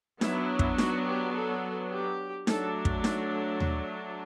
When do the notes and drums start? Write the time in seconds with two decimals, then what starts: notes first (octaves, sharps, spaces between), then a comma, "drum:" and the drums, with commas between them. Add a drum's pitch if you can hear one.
0.21 F#3 B3 D4 E4, drum: snare D#4
0.59 drum: kick
0.78 F#4, drum: snare D#4
1.06 G4
1.34 A4
1.92 G4
2.47 F#3 A3 D4 A4, drum: snare D#4
2.85 drum: kick
3.04 drum: snare D#4
3.60 drum: tom D#2